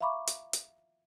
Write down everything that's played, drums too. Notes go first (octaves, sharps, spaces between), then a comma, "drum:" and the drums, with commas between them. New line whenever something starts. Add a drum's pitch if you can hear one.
E5 F5 A#5 B5 C#6 D6
drum: hi-hat
drum: hi-hat